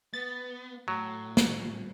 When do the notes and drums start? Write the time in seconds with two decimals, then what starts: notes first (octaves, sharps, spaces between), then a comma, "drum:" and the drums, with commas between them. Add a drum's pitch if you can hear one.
0.14 B3 A6
0.88 A2 F#3
1.37 drum: snare